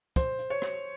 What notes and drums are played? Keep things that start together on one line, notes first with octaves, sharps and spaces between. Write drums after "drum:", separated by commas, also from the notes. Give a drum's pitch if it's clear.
C5, drum: kick, hi-hat
drum: hi-hat
C#5
drum: rim click